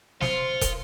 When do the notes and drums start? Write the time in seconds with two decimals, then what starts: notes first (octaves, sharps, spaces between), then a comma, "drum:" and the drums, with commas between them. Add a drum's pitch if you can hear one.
0.21 F4 C5 C#7, drum: snare
0.61 drum: kick, hi-hat